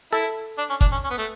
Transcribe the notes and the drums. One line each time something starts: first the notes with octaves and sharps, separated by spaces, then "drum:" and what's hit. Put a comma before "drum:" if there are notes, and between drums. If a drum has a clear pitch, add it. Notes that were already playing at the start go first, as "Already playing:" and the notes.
E4 A4
D4
C#4
D4, drum: kick F#1
C#4
C#4
B3
A3